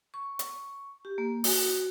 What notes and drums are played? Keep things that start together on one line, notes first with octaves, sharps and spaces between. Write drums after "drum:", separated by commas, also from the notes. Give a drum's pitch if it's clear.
C#6
drum: hi-hat
G4
A#3
F#4, drum: open hi-hat